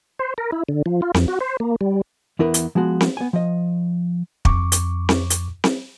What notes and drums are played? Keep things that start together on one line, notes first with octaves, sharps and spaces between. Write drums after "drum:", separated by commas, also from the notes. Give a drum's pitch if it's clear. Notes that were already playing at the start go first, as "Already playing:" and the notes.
C5
A#4
E4
D3
F3
F4
F2, drum: snare C4
F#4
C5
A#3
G3
E2 E4 A#4 B4
drum: hi-hat
F3 G#3 B3 F#4
drum: snare C4
B3 G#5
F3 D#5
F2 C#6 D6, drum: kick
drum: hi-hat
drum: snare C4
drum: hi-hat
drum: snare C4